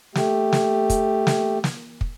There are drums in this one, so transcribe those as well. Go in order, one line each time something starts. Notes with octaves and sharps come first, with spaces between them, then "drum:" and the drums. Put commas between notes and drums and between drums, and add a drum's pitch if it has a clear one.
A3 G4, drum: snare
drum: snare
drum: kick, hi-hat
drum: snare
drum: snare
drum: kick